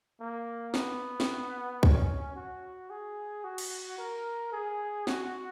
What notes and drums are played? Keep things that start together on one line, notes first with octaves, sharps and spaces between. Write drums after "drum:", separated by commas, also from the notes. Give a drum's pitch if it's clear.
A#3
B3, drum: snare
drum: snare
C#4, drum: kick C2
F#4
G#4
F#4
drum: cymbal
A#4
G#4
F#4, drum: snare